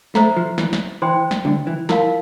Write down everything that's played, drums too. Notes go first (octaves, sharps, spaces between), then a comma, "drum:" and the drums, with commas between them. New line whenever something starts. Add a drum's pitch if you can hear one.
A3 C5 E5 A#5, drum: snare
F3
E3, drum: snare
drum: snare
E3 C5 G5 C6
drum: snare
D3, drum: tom F#3
E3
F3 E4 A#4 F5 A5, drum: snare